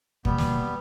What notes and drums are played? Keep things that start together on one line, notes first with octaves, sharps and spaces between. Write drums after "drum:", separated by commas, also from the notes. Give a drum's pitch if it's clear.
B2 G3 A#3 B3, drum: kick
drum: snare